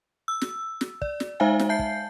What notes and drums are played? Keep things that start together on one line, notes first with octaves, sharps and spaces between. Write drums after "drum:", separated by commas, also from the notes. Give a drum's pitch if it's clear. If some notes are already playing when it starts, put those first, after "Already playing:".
E6
drum: snare
drum: snare
D5, drum: kick
drum: snare
G#3 D#4 C5 E5 F5 G#5
drum: snare
E5 A5 G6 C7
drum: kick